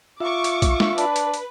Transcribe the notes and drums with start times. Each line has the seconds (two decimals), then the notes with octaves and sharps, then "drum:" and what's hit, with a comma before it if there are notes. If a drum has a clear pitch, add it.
0.20 F4 E5 C#6 D6
0.44 drum: hi-hat
0.62 drum: kick B1, hi-hat
0.80 drum: snare
0.98 D4 B4, drum: hi-hat
1.16 drum: hi-hat
1.34 drum: hi-hat